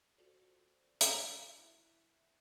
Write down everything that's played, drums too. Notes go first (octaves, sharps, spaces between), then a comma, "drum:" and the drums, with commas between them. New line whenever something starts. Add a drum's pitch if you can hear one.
F4 F#4 A4 C5 D5
drum: hi-hat
E4 E5 F#6